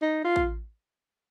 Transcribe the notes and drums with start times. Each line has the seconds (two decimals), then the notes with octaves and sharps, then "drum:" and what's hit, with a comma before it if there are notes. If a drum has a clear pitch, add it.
0.02 D#4
0.25 F4
0.36 drum: kick A1